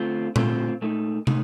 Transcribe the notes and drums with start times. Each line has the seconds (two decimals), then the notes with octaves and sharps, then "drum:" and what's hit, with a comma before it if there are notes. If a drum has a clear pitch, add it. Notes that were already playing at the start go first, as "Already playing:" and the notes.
Already playing: D3 A3 C4 F4
0.36 D3 A3 C4 F4, drum: tom A#2
0.82 A#2 A3 D#4
1.27 A#2 A3 D#4, drum: tom